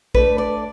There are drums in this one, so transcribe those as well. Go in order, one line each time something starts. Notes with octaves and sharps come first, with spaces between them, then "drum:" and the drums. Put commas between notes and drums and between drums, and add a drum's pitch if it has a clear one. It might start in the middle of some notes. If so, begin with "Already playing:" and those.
A3 D4 B4, drum: kick
D5